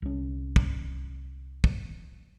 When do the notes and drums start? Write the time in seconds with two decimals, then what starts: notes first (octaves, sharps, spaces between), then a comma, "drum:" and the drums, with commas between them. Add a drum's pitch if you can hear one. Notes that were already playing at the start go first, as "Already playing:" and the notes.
0.02 C2 C#4
0.56 drum: kick
1.64 drum: kick